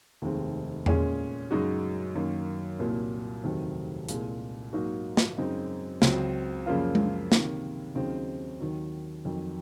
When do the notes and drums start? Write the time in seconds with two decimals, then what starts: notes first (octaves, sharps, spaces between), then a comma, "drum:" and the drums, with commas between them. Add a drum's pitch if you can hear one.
0.22 F1 D#2 D#3 G#3 C4
0.86 A#2 G#3 C#4 G#4, drum: tom E2
1.51 F#2 C#3 G#3 D#4 F#4
2.16 F#2 D#3 A#3
2.79 C2 A#2 F#3 A#3
3.44 F1 D#2 D#3 F#3 C4
4.09 C2 A#2 G#3, drum: hi-hat
4.73 G#2 F#3 A#3 D#4 F#4
5.17 drum: snare
5.38 F#2 C#3 G#3 C4 D#4
6.02 C#2 C#3 F#3 C4, drum: snare
6.66 F#2 C#3 F3 A#3 F4
6.95 drum: tom G#3
7.32 C3 D#3 A#3, drum: snare
7.95 D#2 C#3 F#3 C4 D#4
8.60 D#2 D#3 F#3
9.25 F2 D#3 F#3